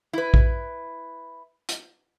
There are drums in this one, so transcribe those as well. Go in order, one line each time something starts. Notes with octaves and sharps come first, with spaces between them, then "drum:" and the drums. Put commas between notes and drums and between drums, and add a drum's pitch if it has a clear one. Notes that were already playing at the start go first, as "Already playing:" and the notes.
E4 B4
drum: kick A#1
drum: hi-hat